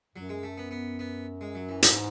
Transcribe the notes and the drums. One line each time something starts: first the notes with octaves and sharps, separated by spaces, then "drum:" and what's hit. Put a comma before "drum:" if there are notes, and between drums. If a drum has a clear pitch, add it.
F#2 F#3
G#3
A3
B3
B3
B3
G#3
F#3
E3
G#2, drum: hi-hat